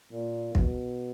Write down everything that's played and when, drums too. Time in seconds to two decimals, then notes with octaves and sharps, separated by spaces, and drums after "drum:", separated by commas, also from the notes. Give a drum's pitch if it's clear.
0.13 A#2
0.55 B2, drum: kick